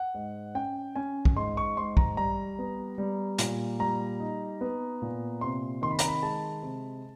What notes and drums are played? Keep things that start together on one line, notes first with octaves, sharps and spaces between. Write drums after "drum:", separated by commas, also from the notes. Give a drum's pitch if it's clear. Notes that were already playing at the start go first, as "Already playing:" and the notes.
Already playing: F#5
G#2
C#4 G5
C#4 G#5
drum: kick
G#2 C6
C#6
G#2 C6
A#5, drum: kick
G3 A#5
B3
G3
A#2, drum: hi-hat
G3 A#5
D#4
B3
A#2
C3 C6
D#3 C6
B5
A#5, drum: hi-hat
B5
G#3 A5
C3